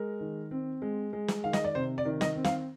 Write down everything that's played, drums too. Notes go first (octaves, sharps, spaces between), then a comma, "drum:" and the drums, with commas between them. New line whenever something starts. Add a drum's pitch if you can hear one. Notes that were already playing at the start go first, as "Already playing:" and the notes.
Already playing: G#3 A#4
D#3
C4
G#3
G#3
drum: snare
D#3 F5
D#5, drum: snare
D5
C3 C5
D5
D#3
D#5, drum: snare
C4
F5, drum: snare